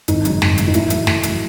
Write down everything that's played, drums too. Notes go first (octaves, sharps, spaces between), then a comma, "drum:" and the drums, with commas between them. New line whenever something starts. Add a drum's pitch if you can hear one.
G#1 D#4, drum: hi-hat
F#2 C#3 G#3, drum: hi-hat
G#1, drum: snare
F#2 C#3 G#3, drum: hi-hat
D#4
A1 E4, drum: hi-hat
A2 F#3 A3, drum: hi-hat
A1, drum: snare
A2 F#3 A3, drum: hi-hat